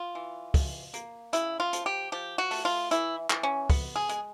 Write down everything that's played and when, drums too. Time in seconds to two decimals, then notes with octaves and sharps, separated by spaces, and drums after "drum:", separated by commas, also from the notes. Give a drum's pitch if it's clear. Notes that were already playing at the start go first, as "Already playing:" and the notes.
Already playing: F4
0.15 E3
0.54 B2, drum: kick, open hi-hat
0.94 A#3, drum: hi-hat
1.33 C#3 E4, drum: hi-hat
1.60 F4
1.73 F3, drum: hi-hat
1.86 G4
2.12 F3 G4
2.38 F#4
2.51 A3, drum: open hi-hat
2.65 F4
2.91 E3 E4, drum: hi-hat
3.30 E3, drum: clap
3.43 C#4
3.70 B3, drum: kick, open hi-hat
3.96 G#4
4.09 G#3, drum: hi-hat